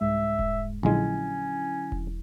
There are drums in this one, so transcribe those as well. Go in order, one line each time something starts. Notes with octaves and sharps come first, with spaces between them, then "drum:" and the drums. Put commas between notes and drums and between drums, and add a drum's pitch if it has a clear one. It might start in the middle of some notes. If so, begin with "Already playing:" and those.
C2 G#2 G#3 E5
drum: kick E1
A#1 D3 F#3 G#3 C#4 E4
drum: kick E1